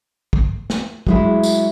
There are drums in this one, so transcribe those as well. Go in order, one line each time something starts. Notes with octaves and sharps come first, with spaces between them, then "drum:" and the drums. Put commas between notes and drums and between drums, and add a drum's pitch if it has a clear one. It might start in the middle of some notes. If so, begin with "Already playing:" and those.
drum: kick
drum: snare
F#3 G#3 E4, drum: kick
drum: tambourine